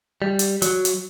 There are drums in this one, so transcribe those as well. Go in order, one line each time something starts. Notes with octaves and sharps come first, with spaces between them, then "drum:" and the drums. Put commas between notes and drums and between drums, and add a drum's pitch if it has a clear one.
G3
drum: hi-hat
F#3, drum: hi-hat
drum: hi-hat